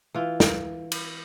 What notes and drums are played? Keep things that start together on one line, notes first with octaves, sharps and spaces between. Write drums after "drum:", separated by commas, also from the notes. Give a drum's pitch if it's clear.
E3 F4
drum: snare
drum: cymbal